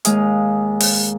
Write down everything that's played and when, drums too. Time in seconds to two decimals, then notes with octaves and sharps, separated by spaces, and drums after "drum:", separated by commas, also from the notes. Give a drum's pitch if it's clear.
0.05 D#2 G#3 F5 G#5 D#6, drum: hi-hat
0.80 drum: open hi-hat